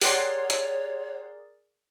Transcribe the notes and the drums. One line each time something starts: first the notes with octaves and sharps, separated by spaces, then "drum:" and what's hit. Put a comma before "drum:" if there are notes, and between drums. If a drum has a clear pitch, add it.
G4 G#4 A#4 C#5 D5 F#5 C6, drum: open hi-hat
drum: hi-hat